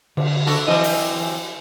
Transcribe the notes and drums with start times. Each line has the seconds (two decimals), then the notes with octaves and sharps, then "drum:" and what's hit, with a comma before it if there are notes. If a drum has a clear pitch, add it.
0.17 D3, drum: cymbal
0.47 D4 F#4 A4
0.68 E3 F#3 C4 D#5
0.84 drum: open hi-hat